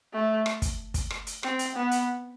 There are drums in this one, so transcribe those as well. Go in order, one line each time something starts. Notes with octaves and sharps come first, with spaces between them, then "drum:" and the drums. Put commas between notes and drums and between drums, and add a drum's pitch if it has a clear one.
A3
drum: rim click
drum: kick, hi-hat
drum: kick, hi-hat
drum: rim click
drum: hi-hat
C4, drum: rim click
drum: hi-hat
B3
drum: hi-hat